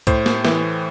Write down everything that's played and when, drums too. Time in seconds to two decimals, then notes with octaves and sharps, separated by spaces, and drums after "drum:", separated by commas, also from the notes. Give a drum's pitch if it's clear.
0.07 A2 C5, drum: kick C2, hi-hat
0.26 drum: snare
0.45 E3, drum: snare